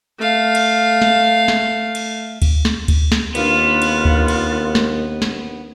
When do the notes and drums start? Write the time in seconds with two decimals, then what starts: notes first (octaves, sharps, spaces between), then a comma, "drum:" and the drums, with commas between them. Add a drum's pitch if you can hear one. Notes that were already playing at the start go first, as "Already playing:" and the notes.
0.18 A3 F5
0.55 drum: cymbal
1.02 drum: snare
1.48 drum: snare
1.95 drum: cymbal
2.42 drum: kick D2, cymbal
2.65 drum: snare
2.88 drum: kick D2, cymbal
3.12 drum: snare
3.35 D#2 B3 C4 D4 F4 A#4, drum: cymbal
3.82 drum: cymbal
4.05 drum: kick D2
4.28 drum: cymbal
4.75 drum: snare
5.22 drum: snare